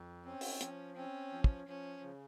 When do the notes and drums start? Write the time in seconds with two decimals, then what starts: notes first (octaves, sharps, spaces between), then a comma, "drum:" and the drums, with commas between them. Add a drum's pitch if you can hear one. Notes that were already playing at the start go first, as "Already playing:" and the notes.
Already playing: F2
0.25 C4 C#4
0.41 drum: open hi-hat
0.61 F3, drum: hi-hat
0.95 C4 C#4
1.32 F3
1.44 drum: kick
1.67 F3 C#4
2.03 C#3